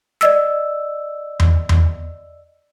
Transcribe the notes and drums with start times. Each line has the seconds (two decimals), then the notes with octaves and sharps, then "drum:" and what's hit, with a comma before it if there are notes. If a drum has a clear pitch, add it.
0.21 D5 D#5 E6, drum: snare
1.40 drum: tom E2
1.69 drum: tom E2